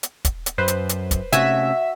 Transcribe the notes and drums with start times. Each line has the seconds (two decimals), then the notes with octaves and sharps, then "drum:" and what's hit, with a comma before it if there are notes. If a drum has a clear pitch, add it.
0.03 drum: hi-hat
0.25 drum: kick, hi-hat
0.46 drum: hi-hat
0.58 F#2 B4 C5
0.68 drum: hi-hat
0.89 drum: hi-hat
1.11 drum: kick, hi-hat
1.32 C3 A3 C#4 F#4 E5 G#5, drum: hi-hat